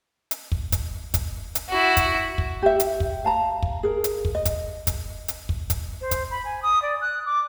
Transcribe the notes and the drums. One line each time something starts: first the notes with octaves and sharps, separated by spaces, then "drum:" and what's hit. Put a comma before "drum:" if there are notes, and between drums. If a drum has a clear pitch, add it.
drum: hi-hat
drum: kick
drum: kick, hi-hat
drum: kick, hi-hat
drum: hi-hat
E4 F#4
drum: kick, hi-hat
drum: kick
G4 E5
drum: hi-hat
drum: kick
F5 A5 A#5
drum: kick
G#4 A#4
drum: hi-hat
drum: kick
D#5
drum: kick, hi-hat
drum: kick, hi-hat
drum: hi-hat
drum: kick
drum: kick, hi-hat
C5
drum: kick, hi-hat
B5
G#5
D#6
D5
F#6
D6